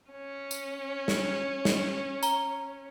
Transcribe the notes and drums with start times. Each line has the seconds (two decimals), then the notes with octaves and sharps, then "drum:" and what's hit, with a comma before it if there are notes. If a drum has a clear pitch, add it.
0.11 C#4
0.51 drum: tambourine
1.08 drum: snare
1.65 drum: snare
2.23 A#5 G7, drum: tambourine